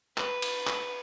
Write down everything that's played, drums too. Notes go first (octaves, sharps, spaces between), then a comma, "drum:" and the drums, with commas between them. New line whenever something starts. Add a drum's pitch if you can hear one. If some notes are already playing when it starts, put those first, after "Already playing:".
B4, drum: clap
drum: cymbal
drum: clap